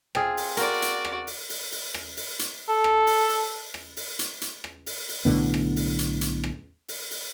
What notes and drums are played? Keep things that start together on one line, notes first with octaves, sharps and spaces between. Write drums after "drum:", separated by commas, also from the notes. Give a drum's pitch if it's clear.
C4 F4 G#4, drum: rim click
drum: open hi-hat
F#4 A#4 D5, drum: hi-hat
drum: hi-hat
drum: rim click
drum: open hi-hat
drum: open hi-hat
drum: open hi-hat
drum: rim click
drum: open hi-hat
drum: hi-hat
A4
drum: rim click
drum: open hi-hat
drum: open hi-hat
drum: rim click
drum: open hi-hat
drum: hi-hat
drum: hi-hat
drum: rim click
drum: open hi-hat
drum: open hi-hat
B1 A2 D3 B3
drum: rim click
drum: open hi-hat
drum: hi-hat
drum: hi-hat
drum: rim click
drum: open hi-hat
drum: open hi-hat